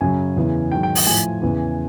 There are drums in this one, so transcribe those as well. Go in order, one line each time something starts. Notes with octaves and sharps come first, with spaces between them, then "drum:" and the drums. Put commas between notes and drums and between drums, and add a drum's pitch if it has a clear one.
F#2 C#3 F#3 G#5
E2 C#3 E3
G#2 D#3 F#3 G5
G5
G5, drum: open hi-hat
A2 F3 G#5
E2 C#3 E3